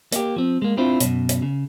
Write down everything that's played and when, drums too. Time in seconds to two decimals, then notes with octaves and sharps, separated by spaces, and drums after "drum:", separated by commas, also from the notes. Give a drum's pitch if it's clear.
0.12 A#3 G4, drum: hi-hat
0.36 F3 C4
0.62 G#3 A#3
0.77 C4 D4 E4 F4 C5
1.00 F#2 B2, drum: hi-hat
1.29 drum: hi-hat
1.42 C#3